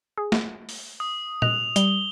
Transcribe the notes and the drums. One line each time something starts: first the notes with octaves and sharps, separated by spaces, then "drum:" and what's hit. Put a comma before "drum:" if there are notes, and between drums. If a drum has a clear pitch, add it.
G#4
drum: snare A3
drum: open hi-hat
D#6
D#5 F#6 F7, drum: tom A#2
G3 G7, drum: hi-hat